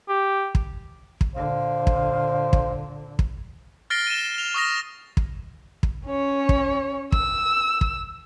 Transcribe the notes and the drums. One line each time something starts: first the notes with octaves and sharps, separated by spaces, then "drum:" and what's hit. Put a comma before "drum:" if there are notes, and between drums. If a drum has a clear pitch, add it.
G4
drum: kick
drum: kick
A#2 D3 C5 F5
drum: kick
drum: kick
drum: kick
F6 A6 A#6 C7 D7 G7
D#7 E7
F7 G7
C#6 D#6 F6 A#6
drum: kick
drum: kick
C#4 C#5
drum: kick
E6, drum: kick
drum: kick